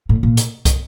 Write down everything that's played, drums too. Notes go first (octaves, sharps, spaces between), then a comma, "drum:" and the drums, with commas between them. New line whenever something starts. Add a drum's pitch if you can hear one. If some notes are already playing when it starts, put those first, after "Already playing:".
A2
A#2
drum: hi-hat
drum: kick, hi-hat